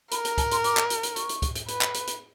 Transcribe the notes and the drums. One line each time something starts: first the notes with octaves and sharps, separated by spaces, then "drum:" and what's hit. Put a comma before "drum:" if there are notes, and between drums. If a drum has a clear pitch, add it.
A#4 B5, drum: hi-hat
A#5, drum: hi-hat
A5, drum: kick C#2, hi-hat
C6, drum: hi-hat
D6, drum: hi-hat
drum: clap
drum: hi-hat
drum: hi-hat
C#6, drum: hi-hat
drum: hi-hat
drum: kick C#2, hi-hat
drum: hi-hat
B4, drum: hi-hat
drum: clap
drum: hi-hat
drum: hi-hat